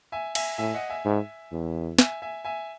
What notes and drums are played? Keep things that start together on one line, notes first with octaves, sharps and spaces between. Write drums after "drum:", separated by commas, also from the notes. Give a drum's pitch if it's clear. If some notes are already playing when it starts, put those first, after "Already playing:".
E5 G#5
E5 G#5, drum: cymbal
A2 E5 G#5
D#5 F#5
E5 G#5
G#2
E2
E5 G#5, drum: snare
E5 G#5
E5 G#5